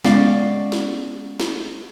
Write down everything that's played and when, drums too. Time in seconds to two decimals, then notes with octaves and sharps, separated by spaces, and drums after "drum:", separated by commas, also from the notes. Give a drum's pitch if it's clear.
0.04 G#3 B3 C#4 D5 F5, drum: snare
0.72 drum: snare
1.40 drum: snare